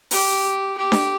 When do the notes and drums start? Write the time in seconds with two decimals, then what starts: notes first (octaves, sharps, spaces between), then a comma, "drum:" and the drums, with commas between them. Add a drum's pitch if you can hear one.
0.11 G4, drum: open hi-hat
0.77 G4
0.92 drum: snare D4